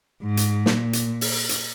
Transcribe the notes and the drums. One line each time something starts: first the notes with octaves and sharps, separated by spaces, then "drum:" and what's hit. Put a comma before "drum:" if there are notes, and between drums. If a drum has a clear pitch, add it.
G#2
drum: hi-hat
A#2, drum: snare
drum: hi-hat
drum: open hi-hat
drum: hi-hat